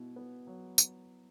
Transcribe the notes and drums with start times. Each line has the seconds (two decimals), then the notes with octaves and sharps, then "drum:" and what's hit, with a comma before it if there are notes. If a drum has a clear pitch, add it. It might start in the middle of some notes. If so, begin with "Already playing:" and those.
Already playing: B2 E4
0.16 B3
0.47 F#3
0.78 drum: tambourine